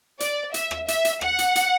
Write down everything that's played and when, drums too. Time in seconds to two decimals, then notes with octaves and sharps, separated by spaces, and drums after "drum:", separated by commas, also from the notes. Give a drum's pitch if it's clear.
0.20 D5, drum: hi-hat
0.54 E5, drum: hi-hat
0.71 drum: rim click
0.88 E5, drum: hi-hat
1.05 drum: hi-hat
1.21 F#5, drum: rim click
1.39 drum: hi-hat
1.56 drum: hi-hat